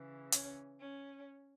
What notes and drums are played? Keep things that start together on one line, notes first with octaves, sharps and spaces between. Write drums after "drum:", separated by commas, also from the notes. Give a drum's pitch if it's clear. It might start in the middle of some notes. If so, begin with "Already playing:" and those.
Already playing: C#3 E3
C#4, drum: hi-hat
C#4